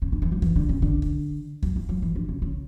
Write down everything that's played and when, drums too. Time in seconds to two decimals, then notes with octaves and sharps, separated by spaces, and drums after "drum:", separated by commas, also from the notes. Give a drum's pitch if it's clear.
0.02 C#3
0.12 D3
0.22 E3
0.32 F#3
0.42 E3, drum: kick
0.56 D3
0.69 C#3
0.82 D3
1.02 drum: kick
1.63 F#3, drum: kick
1.76 E3
1.89 F#3
2.02 E3
2.16 D3
2.29 C#3
2.42 C#3